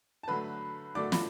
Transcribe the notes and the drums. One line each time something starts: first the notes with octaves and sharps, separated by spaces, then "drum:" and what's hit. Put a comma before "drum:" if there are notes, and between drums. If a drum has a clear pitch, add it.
A5
D3 F#3 A3 B4 B5
D3 F#3 A3 D5 D6
B5, drum: snare